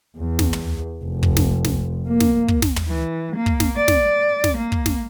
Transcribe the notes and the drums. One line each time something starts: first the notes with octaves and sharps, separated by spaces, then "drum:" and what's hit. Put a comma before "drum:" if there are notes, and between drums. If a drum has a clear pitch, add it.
E2
drum: snare
drum: tom
F1
drum: kick
drum: snare
drum: snare
A#3
drum: snare
drum: kick
drum: snare
drum: tom
E3
A#3
drum: kick
drum: snare
D5
drum: snare
drum: snare
A#3
drum: kick
drum: snare